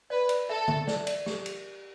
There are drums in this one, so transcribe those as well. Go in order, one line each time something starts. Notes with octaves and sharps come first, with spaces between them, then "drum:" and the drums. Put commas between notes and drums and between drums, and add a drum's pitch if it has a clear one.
B4 D5
D5, drum: cymbal
A4 E5
E5, drum: tom D3
D5, drum: snare
D5, drum: cymbal
G4, drum: snare
drum: cymbal